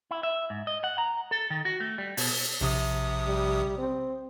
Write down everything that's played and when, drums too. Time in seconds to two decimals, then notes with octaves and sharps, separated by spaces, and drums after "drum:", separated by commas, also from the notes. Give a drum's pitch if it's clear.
0.11 E4
0.23 E5
0.50 G#2
0.67 D#5
0.84 F#5
0.98 A#5
1.31 A4
1.50 D#3
1.65 F#4
1.80 A3
1.98 G3
2.17 B2, drum: open hi-hat
2.61 A#1 C3 D#6
3.27 G3
3.78 C4